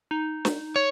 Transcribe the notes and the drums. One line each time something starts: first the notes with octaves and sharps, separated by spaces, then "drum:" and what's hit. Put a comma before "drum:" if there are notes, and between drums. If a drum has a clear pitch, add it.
D#4
drum: snare
C#5